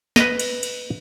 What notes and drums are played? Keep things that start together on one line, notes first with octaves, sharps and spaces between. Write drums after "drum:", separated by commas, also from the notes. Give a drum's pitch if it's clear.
B4 D#5, drum: snare
drum: cymbal
drum: cymbal